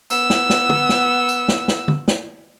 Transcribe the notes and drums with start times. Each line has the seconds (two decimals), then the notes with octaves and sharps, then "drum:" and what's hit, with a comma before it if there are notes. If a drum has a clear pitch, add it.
0.10 B3 E6, drum: tambourine
0.30 drum: snare
0.50 drum: snare
0.69 drum: tom
0.89 drum: snare
1.29 drum: tambourine
1.48 drum: snare
1.68 drum: snare
1.88 drum: tom D3
2.08 drum: snare